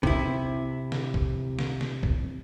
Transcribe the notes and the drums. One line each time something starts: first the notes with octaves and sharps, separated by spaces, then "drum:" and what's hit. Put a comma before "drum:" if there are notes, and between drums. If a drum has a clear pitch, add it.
C3 E4, drum: kick B1
drum: snare
drum: kick B1
drum: snare
drum: snare
drum: kick B1